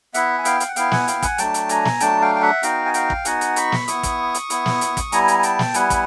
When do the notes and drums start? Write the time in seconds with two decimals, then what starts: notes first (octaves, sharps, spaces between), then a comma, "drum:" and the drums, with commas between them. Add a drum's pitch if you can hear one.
0.14 B3 E4 E5 F#5, drum: hi-hat
0.38 G#5
0.45 F5 G5, drum: hi-hat
0.60 F5, drum: hi-hat
0.68 F#5
0.76 B3 E4 F5 G5, drum: hi-hat
0.91 F#5 G#5, drum: snare
1.08 F5 G5, drum: hi-hat
1.22 F#5 G#5, drum: kick, hi-hat
1.38 F#3 A3 D4 G5 A5, drum: hi-hat
1.54 drum: hi-hat
1.69 G#5 A#5, drum: hi-hat
1.85 drum: snare
2.00 F#3 A3 D4 G5 A5, drum: hi-hat
2.22 F5 G5
2.35 G5
2.42 E5 F#5
2.63 B3 D#4 F#4 F5 G5, drum: hi-hat
2.86 G#5
2.94 F5 G5, drum: hi-hat
3.10 drum: kick
3.25 B3 D#4 F#4 F#5 G#5, drum: hi-hat
3.41 drum: hi-hat
3.56 B5 C#6, drum: hi-hat
3.72 drum: snare
3.88 B3 E4 C#6 D#6, drum: hi-hat
4.03 drum: kick, hi-hat
4.34 drum: hi-hat
4.50 B3 E4, drum: hi-hat
4.66 drum: snare
4.81 drum: hi-hat
4.97 drum: kick, hi-hat
5.12 G3 B3 E4 G#5 A#5, drum: hi-hat
5.28 drum: hi-hat
5.38 G#5
5.43 G5 A5, drum: hi-hat
5.59 drum: snare
5.74 G3 B3 E4 F#5 G#5, drum: hi-hat
5.90 drum: kick, hi-hat